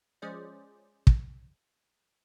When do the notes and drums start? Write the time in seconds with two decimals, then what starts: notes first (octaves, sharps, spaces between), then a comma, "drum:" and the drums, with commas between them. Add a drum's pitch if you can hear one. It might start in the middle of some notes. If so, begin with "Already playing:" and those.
0.22 F3 G#3 C#4 G#4 C5 D5
1.07 drum: kick